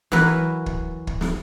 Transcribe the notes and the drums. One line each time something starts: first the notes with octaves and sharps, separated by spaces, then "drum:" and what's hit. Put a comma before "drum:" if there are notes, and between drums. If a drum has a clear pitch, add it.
E3 F#3 A#4 B4, drum: snare
drum: kick
drum: kick
drum: snare